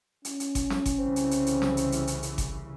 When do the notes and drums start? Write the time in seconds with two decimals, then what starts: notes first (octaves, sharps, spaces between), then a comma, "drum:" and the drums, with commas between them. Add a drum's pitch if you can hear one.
0.25 C#4, drum: hi-hat
0.40 drum: hi-hat
0.55 drum: kick G1, hi-hat
0.70 drum: snare
0.86 drum: kick G1, hi-hat
0.98 C2 C#3 E3 C4
1.16 drum: hi-hat
1.31 drum: hi-hat
1.46 drum: hi-hat
1.62 drum: snare
1.77 drum: hi-hat
1.92 drum: hi-hat
2.07 drum: hi-hat
2.23 drum: hi-hat
2.38 drum: kick G1, hi-hat